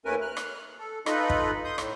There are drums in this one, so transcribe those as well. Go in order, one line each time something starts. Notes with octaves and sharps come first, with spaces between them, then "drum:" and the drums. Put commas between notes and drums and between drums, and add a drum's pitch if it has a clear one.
D#2 A3 C#4 A#4 B4 G#5
F6 F#6
drum: rim click
A4
D#4 F4 A4 B4 D#5 B5, drum: rim click
drum: kick
C6 D#6 G6
A2, drum: rim click